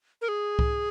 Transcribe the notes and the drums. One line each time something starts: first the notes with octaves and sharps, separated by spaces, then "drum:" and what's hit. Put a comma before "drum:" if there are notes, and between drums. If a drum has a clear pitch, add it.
A#4
G#4
drum: kick C2